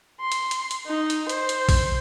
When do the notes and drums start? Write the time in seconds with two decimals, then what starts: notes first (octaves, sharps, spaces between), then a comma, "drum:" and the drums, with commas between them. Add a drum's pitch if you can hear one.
0.20 C6
0.32 drum: hi-hat
0.51 drum: hi-hat
0.71 drum: hi-hat
0.87 D#4
1.10 drum: hi-hat
1.29 C5, drum: hi-hat
1.49 drum: hi-hat
1.69 drum: kick A#1, open hi-hat